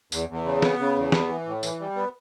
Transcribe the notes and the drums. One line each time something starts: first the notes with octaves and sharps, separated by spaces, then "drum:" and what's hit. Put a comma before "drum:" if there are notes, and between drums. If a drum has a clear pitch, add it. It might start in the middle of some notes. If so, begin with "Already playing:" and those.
E2, drum: tambourine
E2
C#3
B3, drum: snare
C#3
E2
B3, drum: snare
E3
A2
E3, drum: tambourine
G3
B3